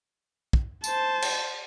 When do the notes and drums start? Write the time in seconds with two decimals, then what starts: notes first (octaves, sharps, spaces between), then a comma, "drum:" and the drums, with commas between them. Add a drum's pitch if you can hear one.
0.53 drum: kick
0.84 C5 A5, drum: tambourine
1.22 drum: cymbal